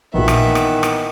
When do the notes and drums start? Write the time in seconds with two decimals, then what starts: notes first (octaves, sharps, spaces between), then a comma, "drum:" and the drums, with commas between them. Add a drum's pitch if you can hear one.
0.14 A#1 A#2 D#3 E3 A#3 B3 E5
0.28 drum: rim click
0.55 drum: rim click
0.83 drum: rim click